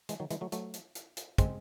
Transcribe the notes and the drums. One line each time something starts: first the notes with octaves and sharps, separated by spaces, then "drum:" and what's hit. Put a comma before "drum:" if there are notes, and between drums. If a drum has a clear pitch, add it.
E3 G#3, drum: hi-hat
D#3 F#3
E3 G#3, drum: hi-hat
F#3 A3
F#3 A3, drum: hi-hat
drum: hi-hat
drum: hi-hat
drum: hi-hat
G#3 C4, drum: kick, hi-hat